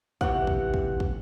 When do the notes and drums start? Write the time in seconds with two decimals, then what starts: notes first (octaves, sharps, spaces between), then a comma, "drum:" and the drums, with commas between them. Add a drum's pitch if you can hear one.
0.21 C3 E3 G4 F#5, drum: kick
0.47 drum: kick
0.74 drum: kick
1.00 drum: kick